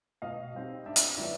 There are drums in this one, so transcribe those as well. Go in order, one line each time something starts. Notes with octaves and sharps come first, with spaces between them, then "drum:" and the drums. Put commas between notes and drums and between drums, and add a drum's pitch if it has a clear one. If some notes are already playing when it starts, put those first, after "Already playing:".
B2 D#5 F5
G3 C4 D#4
G2 D5 E5
drum: hi-hat
D#3 F#3 B3 D5 E5